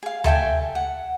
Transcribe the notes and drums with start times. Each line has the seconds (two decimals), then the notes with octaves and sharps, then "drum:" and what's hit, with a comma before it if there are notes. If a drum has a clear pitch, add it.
0.03 G#4 F5
0.24 A4 E5 G5 G#5, drum: tom D2
0.75 F#5